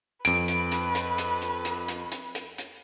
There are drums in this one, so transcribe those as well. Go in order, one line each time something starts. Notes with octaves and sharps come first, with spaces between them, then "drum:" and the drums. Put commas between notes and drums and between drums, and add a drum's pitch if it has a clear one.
F2 B4 D7, drum: hi-hat
drum: hi-hat
drum: hi-hat
drum: hi-hat
drum: hi-hat
drum: hi-hat
drum: hi-hat
drum: hi-hat
drum: hi-hat
drum: hi-hat
drum: hi-hat